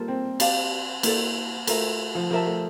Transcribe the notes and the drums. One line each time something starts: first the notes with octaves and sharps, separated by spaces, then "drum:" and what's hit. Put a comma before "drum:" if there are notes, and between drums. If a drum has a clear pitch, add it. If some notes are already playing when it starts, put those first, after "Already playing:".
Already playing: G3 A#3 F4 A4 C5
C4
G4 D5 F5 A5, drum: cymbal
A#3 E4 A4 D5, drum: cymbal
A3 F4 A#4 E5, drum: cymbal
F3
F3 G4 A#4 E5 A5
A3